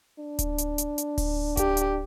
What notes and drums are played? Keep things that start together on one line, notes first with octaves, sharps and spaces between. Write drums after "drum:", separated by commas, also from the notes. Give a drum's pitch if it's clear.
D4
drum: kick D1, hi-hat
drum: hi-hat
drum: hi-hat
drum: hi-hat
drum: kick D1, open hi-hat
G4, drum: kick D1, hi-hat
drum: hi-hat